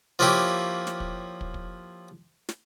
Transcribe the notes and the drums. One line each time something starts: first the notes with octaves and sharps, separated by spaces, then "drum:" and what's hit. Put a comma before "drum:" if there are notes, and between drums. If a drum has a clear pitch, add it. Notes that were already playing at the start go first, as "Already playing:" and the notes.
F3 A#3 C#4 E4 G4
drum: snare
drum: kick
drum: kick
drum: kick
drum: snare